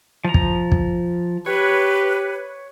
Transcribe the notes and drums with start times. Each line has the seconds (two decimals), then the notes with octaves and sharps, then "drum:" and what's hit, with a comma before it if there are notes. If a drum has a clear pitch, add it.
0.25 F3 A#5
0.34 drum: kick
0.72 drum: kick
1.46 G4 B4 C#5